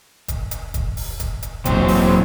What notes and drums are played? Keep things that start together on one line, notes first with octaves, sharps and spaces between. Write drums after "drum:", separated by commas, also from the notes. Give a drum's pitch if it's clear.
drum: kick, hi-hat
drum: hi-hat
drum: kick, hi-hat
drum: open hi-hat
drum: kick, hi-hat
drum: hi-hat
E1 A#2 F#3 C4, drum: kick, hi-hat
drum: open hi-hat